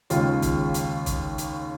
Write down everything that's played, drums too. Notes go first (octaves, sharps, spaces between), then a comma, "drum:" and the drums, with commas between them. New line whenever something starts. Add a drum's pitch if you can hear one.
D#2 C#3 G#3 C#4 F4, drum: hi-hat
drum: kick, hi-hat
drum: hi-hat
drum: kick, hi-hat
drum: hi-hat